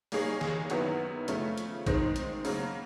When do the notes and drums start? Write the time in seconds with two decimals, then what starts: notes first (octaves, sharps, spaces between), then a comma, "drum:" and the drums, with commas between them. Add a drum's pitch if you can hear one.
0.12 G3 A#3 D#4 G#4 C#5, drum: open hi-hat
0.41 drum: snare
0.70 F#2 D#3 F#3 B3 E4, drum: hi-hat
1.28 C#3 F3 A3 C#4, drum: hi-hat
1.58 drum: hi-hat
1.87 D#3 G#3 C4 D#4, drum: kick, hi-hat
2.16 drum: hi-hat
2.45 C#3 F#3 A#3, drum: open hi-hat